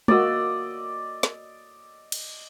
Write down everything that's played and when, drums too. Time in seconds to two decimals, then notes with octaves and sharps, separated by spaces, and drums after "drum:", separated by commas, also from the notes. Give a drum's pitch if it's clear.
0.08 A#3 F#4 D5 D#5 E6, drum: tom
1.23 drum: snare
2.12 drum: cymbal